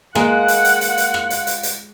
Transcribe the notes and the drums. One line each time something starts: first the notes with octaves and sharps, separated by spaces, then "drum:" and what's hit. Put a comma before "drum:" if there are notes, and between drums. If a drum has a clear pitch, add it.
G#3 A#3 F4 F#5, drum: rim click
drum: hi-hat
drum: hi-hat
drum: hi-hat
drum: hi-hat
drum: rim click
drum: hi-hat
drum: hi-hat
drum: hi-hat